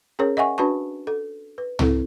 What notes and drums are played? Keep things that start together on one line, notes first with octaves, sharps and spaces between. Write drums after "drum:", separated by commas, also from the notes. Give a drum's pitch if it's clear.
C#4 G#4 A#4 C#5
D#5 E5 F#5 G#5 C#6
D4 F#4 B4 A5 C#6
A4
B4
C4 E4 A4, drum: tom